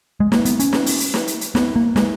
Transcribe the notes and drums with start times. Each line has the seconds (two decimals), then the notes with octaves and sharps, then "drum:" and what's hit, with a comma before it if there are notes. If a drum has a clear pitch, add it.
0.20 G#3
0.32 A#3, drum: snare
0.45 B3, drum: hi-hat
0.60 C#4, drum: hi-hat
0.73 drum: snare
0.86 drum: open hi-hat
1.00 drum: hi-hat
1.14 drum: snare
1.27 drum: hi-hat
1.41 drum: hi-hat
1.55 B3, drum: snare
1.76 A#3
1.96 G#3, drum: snare